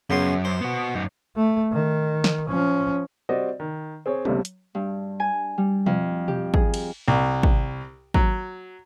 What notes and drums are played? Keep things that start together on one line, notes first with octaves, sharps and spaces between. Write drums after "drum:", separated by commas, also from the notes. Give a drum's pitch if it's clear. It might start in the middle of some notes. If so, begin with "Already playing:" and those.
F#2 C#3 B3 C6
C5
B3 F#4
F#2 D#4
A3
D#3
drum: snare
F3 C#4
G3 C4 F#4 D5 D#5
D#3
C4 G#4 C#5
G1 C#2 G2 C3 A3, drum: tom F#3
drum: hi-hat
G2
G#5
G3
F2, drum: tom B2
G4, drum: tom B2
G#4, drum: kick
drum: cymbal
C2
drum: kick
F#3, drum: kick